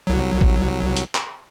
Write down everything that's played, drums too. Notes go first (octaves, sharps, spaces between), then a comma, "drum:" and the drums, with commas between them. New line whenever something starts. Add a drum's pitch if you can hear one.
C2 F#3
drum: kick A1
drum: hi-hat
drum: clap